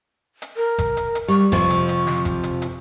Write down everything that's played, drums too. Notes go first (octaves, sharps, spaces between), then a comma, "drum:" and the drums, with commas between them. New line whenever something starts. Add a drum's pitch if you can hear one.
drum: hi-hat
A#4
drum: kick G#1, hi-hat
drum: hi-hat
drum: hi-hat
G3 C#6
F2 C3 F3, drum: kick G#1
drum: hi-hat
drum: hi-hat
drum: snare
drum: kick G#1, hi-hat
drum: hi-hat
drum: hi-hat